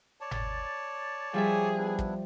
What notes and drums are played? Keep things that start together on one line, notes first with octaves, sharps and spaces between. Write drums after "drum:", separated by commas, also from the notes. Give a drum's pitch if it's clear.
C#5 D5 A5
drum: tom G1
F3 G3 G#4 E5
B3 D4 E4
drum: kick